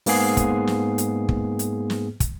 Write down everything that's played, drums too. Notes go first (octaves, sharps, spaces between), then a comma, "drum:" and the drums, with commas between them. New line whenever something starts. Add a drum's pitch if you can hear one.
G#2 A#3 B3 G#4 C7, drum: open hi-hat
drum: kick, hi-hat
drum: snare
drum: hi-hat
drum: kick
drum: hi-hat
drum: snare
drum: kick, hi-hat